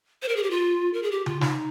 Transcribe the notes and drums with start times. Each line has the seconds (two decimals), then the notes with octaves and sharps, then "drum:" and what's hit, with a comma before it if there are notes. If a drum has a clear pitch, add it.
0.22 C5
0.29 A#4
0.36 G#4
0.43 G4
0.51 F4
0.93 A#4
1.03 G#4
1.11 G4
1.26 F4, drum: tom C#3
1.41 D#4, drum: snare